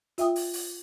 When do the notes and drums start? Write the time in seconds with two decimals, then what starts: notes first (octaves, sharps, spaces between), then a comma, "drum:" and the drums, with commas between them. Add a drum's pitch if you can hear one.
0.18 F4 E5 G5 D#6, drum: hi-hat
0.36 drum: open hi-hat
0.53 drum: open hi-hat